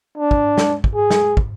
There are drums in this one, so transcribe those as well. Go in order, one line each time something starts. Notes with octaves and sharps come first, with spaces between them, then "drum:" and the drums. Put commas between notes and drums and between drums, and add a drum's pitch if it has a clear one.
D4
drum: kick
drum: snare
drum: kick
G#4
drum: snare
drum: kick